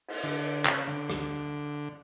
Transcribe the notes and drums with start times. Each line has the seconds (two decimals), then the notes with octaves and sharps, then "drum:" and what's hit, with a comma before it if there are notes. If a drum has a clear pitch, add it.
0.08 drum: cymbal
0.23 D3
0.66 C#3, drum: clap
0.88 D3
1.10 drum: rim click